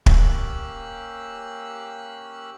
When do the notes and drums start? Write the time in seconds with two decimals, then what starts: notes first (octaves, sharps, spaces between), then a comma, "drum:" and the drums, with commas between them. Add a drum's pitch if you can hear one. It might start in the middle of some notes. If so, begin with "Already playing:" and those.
0.06 A#3 C#4 G4 E6 F#6, drum: kick